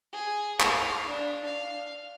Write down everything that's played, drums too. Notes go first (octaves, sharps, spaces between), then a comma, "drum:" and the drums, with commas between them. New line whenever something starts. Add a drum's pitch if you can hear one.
G#4
F5, drum: clap
D4
F5